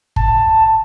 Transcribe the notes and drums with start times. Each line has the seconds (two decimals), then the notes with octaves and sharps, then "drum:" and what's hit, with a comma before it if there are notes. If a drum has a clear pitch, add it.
0.16 A5, drum: kick